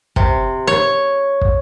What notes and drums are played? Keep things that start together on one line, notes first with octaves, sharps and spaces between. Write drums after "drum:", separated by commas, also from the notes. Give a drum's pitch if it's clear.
C3, drum: kick
C#5
drum: kick